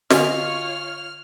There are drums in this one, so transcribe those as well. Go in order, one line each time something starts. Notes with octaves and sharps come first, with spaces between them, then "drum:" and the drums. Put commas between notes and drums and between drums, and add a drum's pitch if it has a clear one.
D3 F4 C#5 D#5 G#5 F6, drum: snare